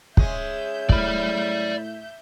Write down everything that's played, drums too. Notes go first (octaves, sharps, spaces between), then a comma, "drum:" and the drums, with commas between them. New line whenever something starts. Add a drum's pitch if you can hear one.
G#3 C#4 E5 G6, drum: kick
A2 D5 B5, drum: kick